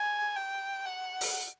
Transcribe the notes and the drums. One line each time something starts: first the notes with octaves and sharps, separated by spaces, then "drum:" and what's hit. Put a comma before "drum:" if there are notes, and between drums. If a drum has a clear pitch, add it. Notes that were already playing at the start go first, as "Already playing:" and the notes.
Already playing: G#5
G5
F#5
drum: open hi-hat